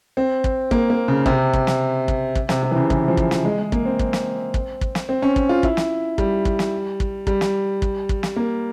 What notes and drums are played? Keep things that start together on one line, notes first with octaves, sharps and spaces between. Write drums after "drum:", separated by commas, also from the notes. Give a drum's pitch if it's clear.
C4
drum: kick
A#3, drum: kick
A#3
C#3
C3, drum: kick
drum: kick
drum: snare
drum: kick
drum: kick
C3, drum: snare
C3
E3
C#3
E3, drum: kick
F3
drum: kick
drum: snare
G#3
G#3
A#3, drum: kick
C4
drum: kick
drum: snare
drum: kick
drum: kick
drum: snare
C4
C#4
drum: kick
F4
E4, drum: kick
drum: snare
G3, drum: kick
drum: kick
drum: snare
drum: kick
G3, drum: kick
drum: snare
drum: kick
drum: kick
drum: snare
A#3